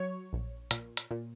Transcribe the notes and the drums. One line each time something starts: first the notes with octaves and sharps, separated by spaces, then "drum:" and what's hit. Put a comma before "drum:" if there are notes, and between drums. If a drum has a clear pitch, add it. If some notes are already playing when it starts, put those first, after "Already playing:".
Already playing: F#3 C#5
A#1
A#2, drum: hi-hat
drum: hi-hat
A#2